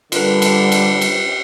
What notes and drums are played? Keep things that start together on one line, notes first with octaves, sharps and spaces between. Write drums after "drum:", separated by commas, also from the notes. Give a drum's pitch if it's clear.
D3 G3 F4 A#4 B4, drum: cymbal
drum: cymbal
drum: cymbal
drum: cymbal